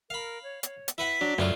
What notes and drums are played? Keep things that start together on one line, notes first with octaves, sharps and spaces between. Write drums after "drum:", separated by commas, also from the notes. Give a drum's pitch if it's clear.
A#4 F5 B5
C#5
C#5, drum: hi-hat
drum: hi-hat
E4 B4 F#5 B6
F#3 D4
F#2 A3 D4 F4, drum: snare